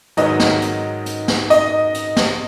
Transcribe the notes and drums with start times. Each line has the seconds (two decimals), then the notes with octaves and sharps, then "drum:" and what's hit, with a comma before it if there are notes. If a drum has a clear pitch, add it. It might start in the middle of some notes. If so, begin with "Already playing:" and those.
0.17 G#2 D#3 F#3 D#4 B4 D#5, drum: hi-hat
0.40 drum: snare
0.62 drum: hi-hat
1.06 drum: hi-hat
1.28 drum: snare
1.50 D#5, drum: hi-hat
1.94 drum: hi-hat
2.16 drum: snare